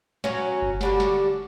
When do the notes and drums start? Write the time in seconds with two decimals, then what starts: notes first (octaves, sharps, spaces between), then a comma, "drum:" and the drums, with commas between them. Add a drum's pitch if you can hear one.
0.24 F#3 C#4 F#4, drum: snare
0.62 drum: kick F#1
0.81 D3 G3 D4 F#4, drum: snare
1.00 drum: snare